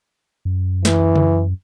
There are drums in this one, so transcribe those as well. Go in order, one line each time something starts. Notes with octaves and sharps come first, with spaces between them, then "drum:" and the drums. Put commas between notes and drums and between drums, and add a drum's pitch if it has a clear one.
F#2
E3, drum: snare
drum: tom C#3